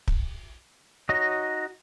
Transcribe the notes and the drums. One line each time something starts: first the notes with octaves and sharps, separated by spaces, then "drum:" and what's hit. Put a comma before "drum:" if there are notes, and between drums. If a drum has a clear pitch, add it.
drum: kick
D#4 F#4 C#5 D#5